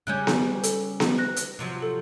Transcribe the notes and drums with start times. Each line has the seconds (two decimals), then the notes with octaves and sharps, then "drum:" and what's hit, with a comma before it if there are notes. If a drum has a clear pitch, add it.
0.07 C#3 G3 C#4 F#6 G6
0.27 drum: snare B3
0.63 A4, drum: hi-hat
1.00 drum: snare B3
1.18 F#6 A#6
1.36 drum: hi-hat
1.59 C3 F3 F#3
1.82 A4